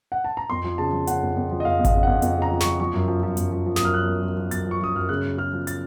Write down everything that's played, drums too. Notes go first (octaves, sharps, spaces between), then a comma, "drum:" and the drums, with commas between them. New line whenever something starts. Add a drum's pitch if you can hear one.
F#5
A5
A#5
F2 C6
F3
C#3 A5
F3
C#3 F#5, drum: hi-hat
F2
F2
F3
D#5
F2 F5
F2
F5, drum: kick G#1, hi-hat
C#3
F#5
F2
F2, drum: hi-hat
C#3
A#5
F3
C#6, drum: snare
F3
F3 C#6
F#2
F3
F3
F#2, drum: hi-hat
F3
F3
F#2 D#6, drum: snare
F6
F#2 F#6
F3
F3
F3
F#2 A6, drum: hi-hat
F3 C#6
F3 D#6
F#2 F6
C#3 F#6
F#2
C#3 F6
F3
A6, drum: hi-hat